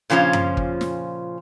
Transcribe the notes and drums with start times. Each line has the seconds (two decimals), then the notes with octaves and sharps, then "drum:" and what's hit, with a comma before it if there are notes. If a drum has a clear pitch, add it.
0.10 A#2 C#3 F3 C#4 F4
0.33 drum: tom F#2
0.57 drum: kick
0.81 drum: snare